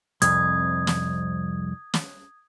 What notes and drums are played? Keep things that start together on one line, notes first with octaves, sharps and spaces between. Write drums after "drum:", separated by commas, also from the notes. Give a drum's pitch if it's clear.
C2 F2 D#6 G#6, drum: hi-hat
drum: snare
drum: snare